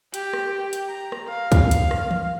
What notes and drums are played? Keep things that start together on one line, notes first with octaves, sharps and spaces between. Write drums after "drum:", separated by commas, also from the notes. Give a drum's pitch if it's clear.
G4, drum: hi-hat
drum: rim click
drum: hi-hat
A#5
drum: rim click
F5
drum: kick, hi-hat
drum: hi-hat
drum: rim click
drum: tom E3